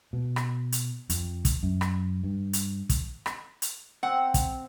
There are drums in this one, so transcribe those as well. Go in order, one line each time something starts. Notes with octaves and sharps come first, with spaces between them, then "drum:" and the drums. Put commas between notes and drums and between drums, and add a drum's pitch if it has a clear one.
B2
drum: rim click
drum: hi-hat
F2, drum: hi-hat
drum: kick, hi-hat
F#2
drum: rim click
G2
drum: hi-hat
drum: kick, hi-hat
drum: rim click
drum: hi-hat
C4 F#5
drum: kick, hi-hat